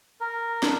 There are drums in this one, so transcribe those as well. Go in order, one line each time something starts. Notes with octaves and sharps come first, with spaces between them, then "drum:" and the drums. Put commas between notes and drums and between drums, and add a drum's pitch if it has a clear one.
A#4
D4, drum: snare